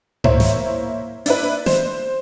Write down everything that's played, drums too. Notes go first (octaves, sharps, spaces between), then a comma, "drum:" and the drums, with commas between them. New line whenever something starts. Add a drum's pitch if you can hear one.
A#3 E4 C5 C#5, drum: tom G#2
drum: snare
D4 E4 B4, drum: open hi-hat
C5, drum: snare